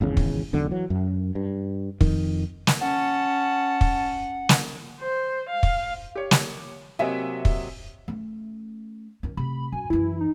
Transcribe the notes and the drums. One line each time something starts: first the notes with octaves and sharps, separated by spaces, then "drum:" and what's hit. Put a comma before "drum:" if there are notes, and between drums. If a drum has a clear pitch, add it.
G#1 E2 C#3
drum: kick
E1 B1 D3
E3 F#3
F#2
G2
F2 D#3, drum: kick
drum: snare
C#4 F#5 A5
drum: kick
drum: snare
C5
F5
drum: kick
G4 C#5
drum: snare
C3 F#3 A#3 D#5 E5 G#5
drum: kick
A3 C#4
D#3 C#4
C3 A3 B5
F#2 G#5
F#2 E3 E4
D#4